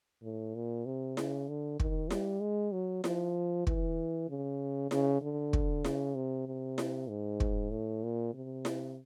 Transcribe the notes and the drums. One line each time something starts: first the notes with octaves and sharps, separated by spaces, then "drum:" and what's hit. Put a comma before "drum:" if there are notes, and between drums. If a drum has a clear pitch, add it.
A2
A#2
C3
C#3, drum: snare E4
D3
D#3, drum: kick
G3, drum: snare E4
G#3
F#3
F3, drum: snare E4
E3, drum: kick
C#3
C#3, drum: snare E4
D3
drum: kick
C#3, drum: snare E4
C3
C3
drum: snare E4
G#2
drum: kick
A2
A#2
C3
drum: snare E4